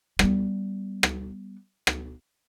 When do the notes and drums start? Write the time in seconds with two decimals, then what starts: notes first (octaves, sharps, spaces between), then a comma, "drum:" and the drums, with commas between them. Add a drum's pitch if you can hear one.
0.19 G3 B3, drum: rim click
1.03 drum: rim click
1.87 drum: rim click